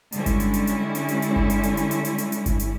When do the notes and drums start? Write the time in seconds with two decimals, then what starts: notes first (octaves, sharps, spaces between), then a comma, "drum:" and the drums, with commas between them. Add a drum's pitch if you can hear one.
0.12 D3 G3 G#3 C#4 E4, drum: hi-hat
0.26 drum: kick G1, hi-hat
0.40 drum: hi-hat
0.54 drum: hi-hat
0.67 drum: hi-hat
0.95 drum: hi-hat
1.08 drum: hi-hat
1.22 drum: hi-hat
1.36 drum: kick G1
1.50 drum: hi-hat
1.63 drum: hi-hat
1.77 drum: hi-hat
1.91 drum: hi-hat
2.05 drum: hi-hat
2.18 drum: hi-hat
2.32 drum: hi-hat
2.46 drum: kick G1, hi-hat
2.60 drum: hi-hat